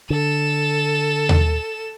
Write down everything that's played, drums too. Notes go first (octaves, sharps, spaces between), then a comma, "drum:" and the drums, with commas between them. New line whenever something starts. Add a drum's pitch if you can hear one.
D3 A4 E7
drum: tom D#2